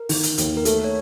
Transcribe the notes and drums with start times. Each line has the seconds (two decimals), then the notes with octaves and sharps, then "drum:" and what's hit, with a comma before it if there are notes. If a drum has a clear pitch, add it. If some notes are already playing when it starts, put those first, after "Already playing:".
Already playing: A#4
0.09 D#3, drum: open hi-hat
0.23 drum: hi-hat
0.38 D#2, drum: hi-hat
0.57 A#4
0.65 A3 A4, drum: hi-hat
0.84 C#5